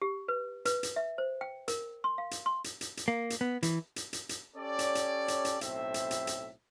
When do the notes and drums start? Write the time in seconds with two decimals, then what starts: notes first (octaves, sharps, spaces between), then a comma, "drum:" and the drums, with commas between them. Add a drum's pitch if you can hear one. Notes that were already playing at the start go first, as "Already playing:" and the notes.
0.02 G4
0.28 B4
0.65 B4, drum: hi-hat
0.83 drum: hi-hat
0.96 E5
1.18 C5
1.41 G5
1.68 A#4, drum: hi-hat
2.04 C6
2.18 F5
2.31 drum: hi-hat
2.46 C6
2.64 drum: hi-hat
2.81 drum: hi-hat
2.97 drum: hi-hat
3.08 A#3
3.30 drum: hi-hat
3.41 B3
3.63 E3, drum: hi-hat
3.96 drum: hi-hat
4.13 drum: hi-hat
4.29 drum: hi-hat
4.56 C#4 G4 A4 C#5 D5
4.79 drum: hi-hat
4.95 drum: hi-hat
5.28 drum: hi-hat
5.45 drum: hi-hat
5.61 B1 A2 C4 C5 E5, drum: hi-hat
5.94 drum: hi-hat
6.11 drum: hi-hat
6.27 drum: hi-hat